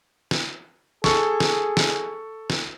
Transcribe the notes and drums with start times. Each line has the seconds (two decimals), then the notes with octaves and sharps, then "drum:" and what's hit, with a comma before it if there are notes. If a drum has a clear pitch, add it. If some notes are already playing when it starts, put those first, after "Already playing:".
0.31 drum: snare
1.04 G#4 A4 C#6, drum: snare
1.40 drum: snare
1.77 drum: snare
2.50 drum: snare